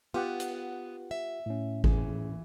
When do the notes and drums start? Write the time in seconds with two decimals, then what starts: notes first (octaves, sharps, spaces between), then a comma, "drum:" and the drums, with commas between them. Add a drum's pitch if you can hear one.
0.14 B3 F4 G4 F#5
0.40 drum: hi-hat
1.11 E5
1.46 A2 C#4
1.84 E3 G#4, drum: kick G#1